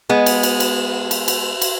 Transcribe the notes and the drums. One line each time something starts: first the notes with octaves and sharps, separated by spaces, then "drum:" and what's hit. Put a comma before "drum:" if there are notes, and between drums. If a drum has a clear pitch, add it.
G#3 B3
drum: cymbal
drum: cymbal
drum: cymbal
drum: cymbal
drum: cymbal
drum: cymbal